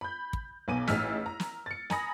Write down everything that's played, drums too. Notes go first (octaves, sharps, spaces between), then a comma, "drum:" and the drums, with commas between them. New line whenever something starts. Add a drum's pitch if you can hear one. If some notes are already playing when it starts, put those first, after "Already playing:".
B5 G6
drum: kick
B1 B3 G#5 D6 D#7
A1 D#4 G#4 E6 F6 B6, drum: snare
A#5
drum: snare
A6 C#7
G#5 A#5 B5 D#6 A#6, drum: snare